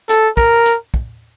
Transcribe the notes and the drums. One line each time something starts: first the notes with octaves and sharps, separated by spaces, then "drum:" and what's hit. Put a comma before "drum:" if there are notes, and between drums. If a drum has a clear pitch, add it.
A4, drum: hi-hat
A#4, drum: kick
drum: hi-hat
drum: kick